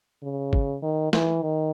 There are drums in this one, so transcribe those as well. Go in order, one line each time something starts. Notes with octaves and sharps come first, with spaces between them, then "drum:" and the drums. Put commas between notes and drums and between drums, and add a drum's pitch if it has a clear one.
C#3
drum: kick G1
D#3
E3, drum: snare
D#3